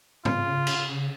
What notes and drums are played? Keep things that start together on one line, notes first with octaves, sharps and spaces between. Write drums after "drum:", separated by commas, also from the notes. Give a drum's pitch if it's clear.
C#3 F4, drum: tom G#2
drum: cymbal